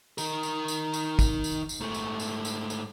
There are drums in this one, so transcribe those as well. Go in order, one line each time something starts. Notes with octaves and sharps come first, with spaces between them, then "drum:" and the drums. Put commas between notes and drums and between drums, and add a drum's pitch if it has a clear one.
D#3 A#4, drum: tambourine
drum: tambourine
drum: tambourine
drum: tambourine
drum: kick, tambourine
drum: tambourine
drum: tambourine
G#2 A3
drum: tambourine
drum: tambourine
drum: tambourine
drum: tambourine